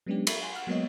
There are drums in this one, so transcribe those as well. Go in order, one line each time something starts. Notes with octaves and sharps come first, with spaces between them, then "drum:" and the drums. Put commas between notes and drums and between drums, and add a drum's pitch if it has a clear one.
F#3 G#3 B3 C#4 D4 G4
F4 A4 A#4 E5 B5, drum: cymbal
F#5 G#5 B5 C6
F#5 F6
F#3 G#3 A#3 B3 C#5 D#5